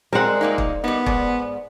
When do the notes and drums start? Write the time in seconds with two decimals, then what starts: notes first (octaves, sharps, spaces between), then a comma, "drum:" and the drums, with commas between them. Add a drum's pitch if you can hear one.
0.13 G3 G#3 C4 A#4 C5 D5 F#5
0.41 A#2 A#3 D#4
0.58 drum: kick
0.84 G3 B3 D#4
1.06 G#2 D5, drum: kick